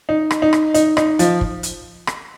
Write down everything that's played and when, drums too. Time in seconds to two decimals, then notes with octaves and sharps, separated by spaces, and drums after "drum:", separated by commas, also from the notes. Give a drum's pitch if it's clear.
0.09 D#4
0.31 drum: rim click
0.42 D#4
0.53 drum: rim click
0.74 D#4, drum: hi-hat
0.97 D#4, drum: rim click
1.19 F3, drum: hi-hat
1.41 drum: kick
1.63 drum: hi-hat
2.07 drum: rim click